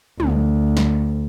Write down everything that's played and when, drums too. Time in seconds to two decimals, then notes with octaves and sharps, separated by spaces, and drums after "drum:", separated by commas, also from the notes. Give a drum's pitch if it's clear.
0.20 D2, drum: tom
0.77 drum: snare